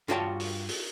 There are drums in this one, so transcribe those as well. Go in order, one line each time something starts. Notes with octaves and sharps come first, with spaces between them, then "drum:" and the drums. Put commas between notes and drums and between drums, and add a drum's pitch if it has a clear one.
G2 F4 F#4 C#5 G5 A5
drum: open hi-hat
drum: open hi-hat